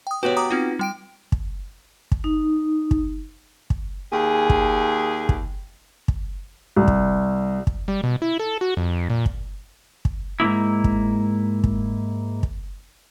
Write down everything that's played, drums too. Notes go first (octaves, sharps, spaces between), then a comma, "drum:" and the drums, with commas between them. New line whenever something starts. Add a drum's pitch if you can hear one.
G5 D#6
B3 F#4 G4 B4 C#5
A#5 D6 D#6
C4 D#4 F4
G3 G5 D7
drum: kick
drum: kick
D#4
drum: kick
drum: kick
D#2 G#4
drum: kick
drum: kick
drum: kick
C2
drum: kick
drum: kick
G3
B2
E4
A4
F#4
F2
A#2
drum: kick
drum: kick
G#2 C3 A#3 E4
drum: kick
drum: kick
drum: kick